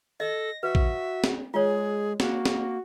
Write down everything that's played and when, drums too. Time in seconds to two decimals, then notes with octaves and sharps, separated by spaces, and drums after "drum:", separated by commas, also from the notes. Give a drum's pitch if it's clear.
0.20 A4 D#5 A#6
0.63 F#4 B4 E5
0.75 drum: kick
1.24 drum: snare C4
1.54 G#3 F4 G#4 C#5
2.20 A#3 F#4, drum: snare C4
2.46 drum: snare C4